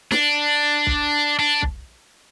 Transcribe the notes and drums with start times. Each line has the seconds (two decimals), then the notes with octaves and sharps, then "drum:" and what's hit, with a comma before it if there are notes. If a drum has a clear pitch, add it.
0.12 D4, drum: snare
0.87 drum: kick B1
1.39 D4
1.62 drum: kick B1